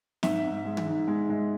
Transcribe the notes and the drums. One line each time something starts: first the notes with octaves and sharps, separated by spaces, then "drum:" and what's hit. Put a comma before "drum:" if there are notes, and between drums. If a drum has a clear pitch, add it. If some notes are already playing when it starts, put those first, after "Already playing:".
G#2 E5, drum: snare
G#2
G#3
drum: tom
G#2
G#3
G#3